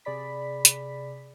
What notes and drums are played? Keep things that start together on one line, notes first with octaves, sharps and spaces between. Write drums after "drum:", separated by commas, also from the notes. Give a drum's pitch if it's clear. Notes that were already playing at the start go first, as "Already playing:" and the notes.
C3 G#4 D5 B5 B6
drum: hi-hat